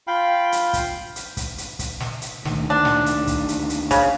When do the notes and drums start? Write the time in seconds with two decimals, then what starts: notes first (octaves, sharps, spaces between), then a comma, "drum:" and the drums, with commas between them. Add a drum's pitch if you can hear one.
0.07 F4 F5 G5 B5
0.52 drum: hi-hat
0.73 drum: kick, hi-hat
1.16 drum: hi-hat
1.37 drum: kick, hi-hat
1.58 drum: hi-hat
1.79 drum: kick, hi-hat
2.00 drum: snare
2.22 drum: hi-hat
2.45 D2 D#3, drum: snare
2.70 D4
2.85 drum: snare
3.06 drum: hi-hat
3.27 drum: kick, hi-hat
3.48 drum: hi-hat
3.70 drum: hi-hat
3.91 C#3, drum: kick, hi-hat